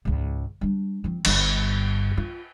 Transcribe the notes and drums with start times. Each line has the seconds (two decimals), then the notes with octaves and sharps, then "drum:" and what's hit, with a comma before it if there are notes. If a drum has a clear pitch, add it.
0.05 C#2 G#2
0.61 G3 D4
1.04 F3 C4
1.25 G1 G2, drum: cymbal
2.17 F4